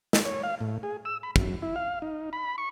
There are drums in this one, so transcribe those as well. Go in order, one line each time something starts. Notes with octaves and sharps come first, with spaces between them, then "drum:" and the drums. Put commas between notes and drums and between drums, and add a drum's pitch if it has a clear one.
drum: snare
C#5
F5
A2
G#4
E6
B5
F#2, drum: kick
E4
F5
D#4
B5
C#6